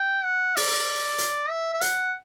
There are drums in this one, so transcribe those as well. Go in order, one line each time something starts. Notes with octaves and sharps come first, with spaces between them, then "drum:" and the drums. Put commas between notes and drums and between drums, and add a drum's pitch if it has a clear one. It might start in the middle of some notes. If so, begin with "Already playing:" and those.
Already playing: G5
F#5
D5, drum: open hi-hat
drum: hi-hat
E5
E5
F#5, drum: hi-hat